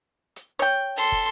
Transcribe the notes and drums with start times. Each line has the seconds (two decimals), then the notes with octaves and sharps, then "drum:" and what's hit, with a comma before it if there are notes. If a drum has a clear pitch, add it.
0.36 drum: hi-hat
0.59 C#5 G5
0.97 A4 C6, drum: open hi-hat
1.12 drum: kick